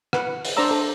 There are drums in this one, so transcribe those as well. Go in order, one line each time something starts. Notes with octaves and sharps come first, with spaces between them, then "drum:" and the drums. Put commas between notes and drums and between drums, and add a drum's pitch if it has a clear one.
B4 F#5, drum: rim click
drum: open hi-hat
D4 C5 D5 A#5 E6
A4